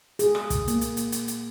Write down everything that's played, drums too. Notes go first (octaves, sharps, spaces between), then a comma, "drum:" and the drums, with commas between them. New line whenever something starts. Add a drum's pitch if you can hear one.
G#4, drum: hi-hat
drum: rim click
drum: kick, hi-hat
A#3, drum: hi-hat
drum: hi-hat
drum: hi-hat
drum: hi-hat
drum: hi-hat